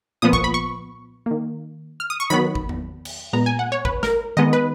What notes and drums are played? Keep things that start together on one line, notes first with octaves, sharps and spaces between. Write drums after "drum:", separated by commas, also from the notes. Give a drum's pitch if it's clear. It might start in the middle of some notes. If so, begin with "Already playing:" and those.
A#2 F3 B3 D#6
C#6, drum: kick G#1
B5
C#6
D#3 A#3
F6
D#6
C#6
D#3 F#3 B3 B5
drum: kick G#1
drum: tom E2
drum: cymbal
A#2 G#3 B3 A#5
G#5
F#5
C#5
B4, drum: kick G#1
A#4, drum: snare
D#3 G#3 B3 D#5
B4